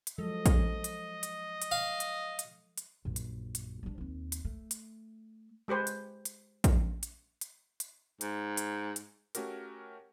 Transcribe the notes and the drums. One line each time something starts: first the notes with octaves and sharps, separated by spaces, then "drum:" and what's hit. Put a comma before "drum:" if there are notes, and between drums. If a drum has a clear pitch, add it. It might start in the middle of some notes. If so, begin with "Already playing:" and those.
drum: hi-hat
F3 F#3 G#3 A4 D#5
drum: kick A#1, hi-hat
drum: hi-hat
drum: hi-hat
drum: hi-hat
F5
drum: hi-hat
drum: hi-hat
drum: hi-hat
A#1 F#2
drum: hi-hat
drum: hi-hat
G3 D4
D#2 C4
drum: hi-hat
A3
drum: hi-hat
G#3 G4 B4 C5 G#5
drum: hi-hat
drum: hi-hat
drum: kick A#1, hi-hat
drum: hi-hat
drum: hi-hat
drum: hi-hat
G#2, drum: hi-hat
drum: hi-hat
drum: hi-hat
A3 C#4 F#4 G4 A#4, drum: hi-hat